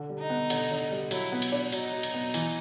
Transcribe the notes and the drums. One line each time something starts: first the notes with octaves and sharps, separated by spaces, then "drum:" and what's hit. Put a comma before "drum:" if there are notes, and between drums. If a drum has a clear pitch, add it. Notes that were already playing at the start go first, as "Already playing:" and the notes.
Already playing: D3
G3
D#4
B3
D3, drum: cymbal
D3
G3
F#3 E4, drum: cymbal
B3
drum: cymbal
D4
F#3 D#4, drum: cymbal
F#3
drum: cymbal
B3
E3, drum: cymbal